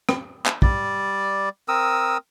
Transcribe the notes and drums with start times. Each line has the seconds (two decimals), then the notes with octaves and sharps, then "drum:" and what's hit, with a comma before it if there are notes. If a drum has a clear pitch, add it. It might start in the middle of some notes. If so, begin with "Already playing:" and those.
0.09 drum: rim click
0.46 drum: clap
0.62 G3 D5, drum: kick
1.68 C4 A#4 D#6 E6